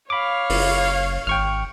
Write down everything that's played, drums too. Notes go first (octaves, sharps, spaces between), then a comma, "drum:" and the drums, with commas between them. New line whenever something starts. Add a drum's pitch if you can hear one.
C#5 F5 B5 D6
F#1, drum: open hi-hat
G#1 G5 C#6 F6